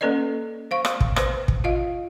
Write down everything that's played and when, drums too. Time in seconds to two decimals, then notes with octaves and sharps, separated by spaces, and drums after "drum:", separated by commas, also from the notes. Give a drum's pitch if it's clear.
0.01 A#3 C#4 A4 B4 D5 D#5
0.71 C5 F5 C#6
0.85 drum: rim click
1.00 drum: kick
1.16 B4 C5, drum: rim click
1.48 drum: kick
1.64 F4 D#5 F5